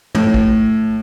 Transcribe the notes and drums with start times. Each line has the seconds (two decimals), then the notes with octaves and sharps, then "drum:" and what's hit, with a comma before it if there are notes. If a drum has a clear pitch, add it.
0.15 A2, drum: tom
0.34 drum: kick